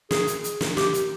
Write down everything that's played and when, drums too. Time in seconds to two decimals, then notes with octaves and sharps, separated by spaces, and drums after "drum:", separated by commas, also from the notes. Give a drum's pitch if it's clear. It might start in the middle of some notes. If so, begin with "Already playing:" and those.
0.11 G#4, drum: snare
0.27 drum: hi-hat
0.44 drum: hi-hat
0.61 drum: snare
0.77 G4, drum: snare
0.94 drum: hi-hat